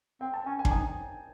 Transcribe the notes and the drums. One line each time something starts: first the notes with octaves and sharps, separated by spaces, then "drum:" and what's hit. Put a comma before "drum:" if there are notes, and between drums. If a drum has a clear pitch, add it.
C4 G5
A5
C#4 G#5
G#5
D4, drum: kick
D#4 G#5